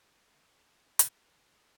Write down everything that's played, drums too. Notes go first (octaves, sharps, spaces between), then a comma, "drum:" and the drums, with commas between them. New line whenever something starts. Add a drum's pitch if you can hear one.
B3 A4
drum: hi-hat
G3 G4 C5